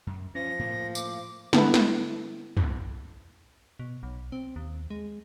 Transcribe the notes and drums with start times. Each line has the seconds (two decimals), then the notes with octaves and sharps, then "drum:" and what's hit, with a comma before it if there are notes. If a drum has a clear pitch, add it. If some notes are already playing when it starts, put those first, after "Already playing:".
0.07 F#2
0.35 F3 C#4 A#6
0.59 A2 A#3
0.95 D6, drum: tambourine
1.53 D3 B3 E4 A4 B4, drum: snare
1.74 drum: snare
2.57 drum: tom
3.79 B2
4.03 B1
4.32 C4
4.56 D#2
4.90 G#3